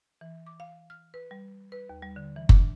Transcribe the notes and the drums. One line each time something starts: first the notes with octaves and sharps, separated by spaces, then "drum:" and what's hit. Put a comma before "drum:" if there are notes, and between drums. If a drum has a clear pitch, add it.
E3
D6
F5
F6
B4
G3
B4
D#2
G3
D3
E3
D4, drum: kick F#1